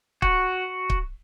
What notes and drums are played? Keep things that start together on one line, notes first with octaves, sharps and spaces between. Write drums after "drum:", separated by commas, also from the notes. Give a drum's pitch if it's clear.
F#4, drum: kick C#1
drum: kick C#1